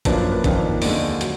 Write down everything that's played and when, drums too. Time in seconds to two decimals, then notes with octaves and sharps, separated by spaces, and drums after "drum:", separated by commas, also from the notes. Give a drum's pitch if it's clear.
0.05 F#2 F3 A#3 D4 B4, drum: kick G#1, hi-hat
0.32 B4
0.44 F2 D#3 A#3 D4, drum: kick G#1, hi-hat
0.82 D#2 D3 G#3 D5, drum: open hi-hat
1.21 F#3, drum: hi-hat